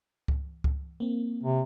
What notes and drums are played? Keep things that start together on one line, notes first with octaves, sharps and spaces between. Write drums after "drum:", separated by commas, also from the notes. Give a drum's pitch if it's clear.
drum: kick C#2
drum: kick C#2
A#3 C4
C3